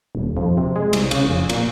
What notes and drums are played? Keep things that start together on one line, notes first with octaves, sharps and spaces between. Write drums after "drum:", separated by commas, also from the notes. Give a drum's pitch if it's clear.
D#1
F2
C3
G#3
C2, drum: cymbal
C#3, drum: cymbal
F1
A#2, drum: cymbal